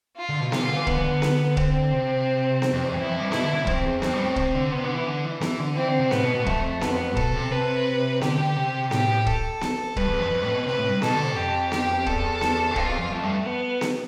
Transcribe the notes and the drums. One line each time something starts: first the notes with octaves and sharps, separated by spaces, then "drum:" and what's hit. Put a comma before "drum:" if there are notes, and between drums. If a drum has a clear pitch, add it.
F4
D3
B2
C3 F4, drum: snare B3
E3
D3
E3
D3 B3, drum: kick
E3
D3
drum: snare B3
C4, drum: kick
C3
drum: snare B3
F2
E2
F2
E2 E4
F2
G2
B2 E4, drum: snare B3
D3
D3
F2 C4, drum: kick
E2
F2 C4, drum: snare B3
G2
A2
C3, drum: kick
D3
C3 B3
D3
E3
D3
E3
E3, drum: snare B3
D3
E3 C4
D3
C3
A2 B3, drum: snare B3
B2
B2
F2 A3, drum: kick
B3, drum: snare B3
B2 A4, drum: kick
C3
C3 B4
D3 G4, drum: snare B3
D3
C3
A2 G4, drum: snare B3
A4, drum: kick
drum: snare B3
G2 B4, drum: kick
E2
F2
F2
A2
B2
C3 B4
A2
G2
B2 A4, drum: snare B3
D3
C3
F2 G4
G4, drum: snare B3
E2 A4, drum: kick
drum: snare B3
G2
F2 F4, drum: kick
E2
F2
F2 A3
G2
B3
drum: snare B3